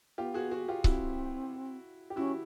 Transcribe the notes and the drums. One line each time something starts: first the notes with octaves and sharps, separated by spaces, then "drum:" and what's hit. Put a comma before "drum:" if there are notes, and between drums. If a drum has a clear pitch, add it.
B3 F4 G4
F#4 G#4
F#4 G#4
F4 G4
C4 E4 F#4, drum: kick C#1
G4
C#4 E4 F#4